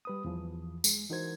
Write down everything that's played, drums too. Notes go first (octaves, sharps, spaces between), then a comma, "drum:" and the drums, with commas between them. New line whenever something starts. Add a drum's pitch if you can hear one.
G3 B4 D#6
E2 E3 F3
G#3, drum: tambourine
E3 D#4 F#4 A#4 C5 G#6